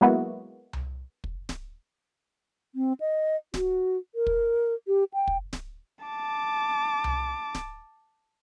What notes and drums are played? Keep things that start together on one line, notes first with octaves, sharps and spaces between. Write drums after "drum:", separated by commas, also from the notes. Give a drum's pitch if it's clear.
F#3 G#3 A#3 B3 E4 F#4
drum: tom C2
drum: kick
drum: snare D1
C4
D#5
F#4, drum: snare D1
A#4
drum: kick
G4
G5
drum: kick
drum: snare D1
A5 D6
drum: tom C2
drum: snare D1